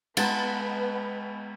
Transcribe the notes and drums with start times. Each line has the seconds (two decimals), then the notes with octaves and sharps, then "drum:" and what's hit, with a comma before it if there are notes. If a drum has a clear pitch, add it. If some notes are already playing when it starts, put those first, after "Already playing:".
0.17 G#3 B3 B4 F#5 A5, drum: cymbal